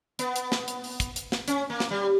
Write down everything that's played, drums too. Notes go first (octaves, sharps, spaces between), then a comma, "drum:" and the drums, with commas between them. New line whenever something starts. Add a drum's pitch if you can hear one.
B3, drum: hi-hat
drum: hi-hat
drum: snare
drum: hi-hat
drum: open hi-hat
drum: kick, hi-hat
drum: hi-hat
drum: snare
C#4, drum: hi-hat
A#3
drum: snare
G3